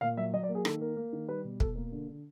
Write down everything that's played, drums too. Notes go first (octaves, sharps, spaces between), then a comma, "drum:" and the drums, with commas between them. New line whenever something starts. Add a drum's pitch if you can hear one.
A#2 F5
F#3 E5
F#3 D#5
D5
A#3
G#4
D#3 A4, drum: rim click
A#3 A#4
A#3
D#3
G3 B4
B2
B2 A4, drum: kick
A#3 A#4
D3
D3